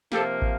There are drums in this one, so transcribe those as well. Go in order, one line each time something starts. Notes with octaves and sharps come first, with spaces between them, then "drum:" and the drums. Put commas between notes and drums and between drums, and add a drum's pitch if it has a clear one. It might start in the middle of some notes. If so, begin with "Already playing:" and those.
C3 F3 A#3 G4 A4, drum: snare
drum: kick